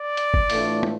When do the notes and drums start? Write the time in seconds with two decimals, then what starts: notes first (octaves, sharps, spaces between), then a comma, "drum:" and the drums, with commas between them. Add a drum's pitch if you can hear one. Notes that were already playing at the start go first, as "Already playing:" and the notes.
Already playing: D5
0.17 drum: hi-hat
0.34 drum: kick G1
0.50 A2 E3 A3 D4 F4, drum: open hi-hat
0.83 drum: tom